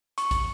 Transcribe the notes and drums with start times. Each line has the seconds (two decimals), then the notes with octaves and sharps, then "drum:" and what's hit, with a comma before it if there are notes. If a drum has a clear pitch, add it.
0.18 C#6, drum: hi-hat
0.31 drum: kick, hi-hat